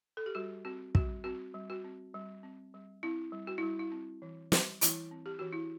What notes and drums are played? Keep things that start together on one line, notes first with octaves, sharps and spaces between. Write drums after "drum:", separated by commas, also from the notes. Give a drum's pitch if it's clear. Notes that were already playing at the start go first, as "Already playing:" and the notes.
A4
G4
G3 F#4
C4 F#4
G3 F#4, drum: kick
C4 F#4
G3
F#4
C4
G3
C4
G3
C4 E4
G3
F#4
G3 E4
E4
C4
E3
G3, drum: snare
E3 E4, drum: hi-hat
C4
G4
E3 F#4
E4